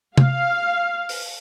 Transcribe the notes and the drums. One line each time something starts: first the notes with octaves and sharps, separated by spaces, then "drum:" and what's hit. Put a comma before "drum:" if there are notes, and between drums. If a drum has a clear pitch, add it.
F5, drum: tom C3
drum: open hi-hat